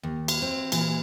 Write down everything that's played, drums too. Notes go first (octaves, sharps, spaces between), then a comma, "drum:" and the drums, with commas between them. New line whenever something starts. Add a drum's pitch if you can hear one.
D#2
drum: cymbal
C4
A#2 E3, drum: cymbal